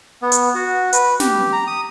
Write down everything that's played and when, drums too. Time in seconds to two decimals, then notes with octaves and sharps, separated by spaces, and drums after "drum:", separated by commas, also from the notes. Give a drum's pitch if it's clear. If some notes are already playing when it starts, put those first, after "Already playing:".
0.22 B3
0.32 drum: hi-hat
0.55 F#4
0.93 B4, drum: hi-hat
1.20 G4, drum: snare
1.53 A#5
1.67 D#6